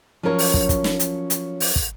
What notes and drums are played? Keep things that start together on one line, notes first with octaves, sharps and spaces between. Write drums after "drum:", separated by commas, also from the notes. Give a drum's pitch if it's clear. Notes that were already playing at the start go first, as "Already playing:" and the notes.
F3 F#3 C#4 A#4 C#5
drum: open hi-hat
drum: kick
drum: kick, hi-hat
drum: snare
drum: hi-hat
drum: hi-hat
drum: open hi-hat
drum: kick